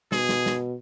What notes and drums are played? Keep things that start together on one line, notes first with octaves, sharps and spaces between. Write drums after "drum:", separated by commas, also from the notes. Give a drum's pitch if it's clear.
B2 G#4, drum: snare
drum: snare
drum: snare